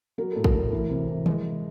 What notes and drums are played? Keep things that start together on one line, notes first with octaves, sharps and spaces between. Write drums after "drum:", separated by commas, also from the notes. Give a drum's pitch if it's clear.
F#3 A#4
A2 A4
A#4, drum: kick
A2
E3
C3
E3
G#3, drum: tom D#3
G#3